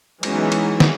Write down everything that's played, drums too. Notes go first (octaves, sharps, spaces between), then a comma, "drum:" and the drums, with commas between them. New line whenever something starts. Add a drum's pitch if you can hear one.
E3 F#3 G#3 B3 C#4 D#4, drum: cymbal
drum: cymbal
drum: snare